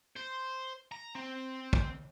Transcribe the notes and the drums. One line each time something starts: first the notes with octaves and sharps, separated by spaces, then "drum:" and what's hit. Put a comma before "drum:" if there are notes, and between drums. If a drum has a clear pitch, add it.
C5
A#5
C4
drum: kick